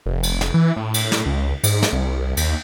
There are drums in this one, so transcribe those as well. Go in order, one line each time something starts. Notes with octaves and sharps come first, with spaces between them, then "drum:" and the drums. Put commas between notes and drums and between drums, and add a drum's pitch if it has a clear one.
F1
drum: cymbal
drum: snare
E3
A2
drum: cymbal
drum: snare
C#2
G#2, drum: cymbal
drum: snare
C2
D#2, drum: cymbal